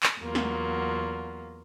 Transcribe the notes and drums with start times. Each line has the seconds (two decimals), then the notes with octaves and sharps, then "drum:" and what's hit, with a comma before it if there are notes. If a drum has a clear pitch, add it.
0.03 drum: clap
0.20 E2 F#3 A#3 F4
0.35 drum: snare